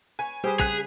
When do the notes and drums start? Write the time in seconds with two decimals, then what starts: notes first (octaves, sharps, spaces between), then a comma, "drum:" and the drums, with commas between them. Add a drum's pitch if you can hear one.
0.19 B4 C#5 G#5
0.44 G3 C4 G4 G#4 B4 C5
0.60 C#3 G#4 F#6 B6 F7, drum: kick A#1